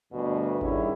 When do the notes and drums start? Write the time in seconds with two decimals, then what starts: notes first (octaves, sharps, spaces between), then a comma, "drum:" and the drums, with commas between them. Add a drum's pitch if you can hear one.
0.13 D2 G2 B2
0.61 D#3 G3 C#4 D4 E4 G#4, drum: kick G#1